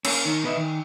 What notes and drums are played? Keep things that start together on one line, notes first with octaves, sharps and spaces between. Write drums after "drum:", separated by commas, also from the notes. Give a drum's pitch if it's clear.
A#3 C#4, drum: cymbal
D#3
B2 B4 D#5 E5
D#3